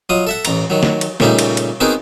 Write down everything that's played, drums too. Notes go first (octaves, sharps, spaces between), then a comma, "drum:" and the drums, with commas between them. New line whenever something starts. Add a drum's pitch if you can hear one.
F#3 F4 D#5 D#6
A4 E5 F#5
A1 A#5, drum: cymbal
D#3 F#3
drum: snare
drum: cymbal
A#2 C#3 G3 A3 D#4, drum: snare
drum: cymbal
drum: cymbal
B3 C4 D#4 F#4 G#4 A#4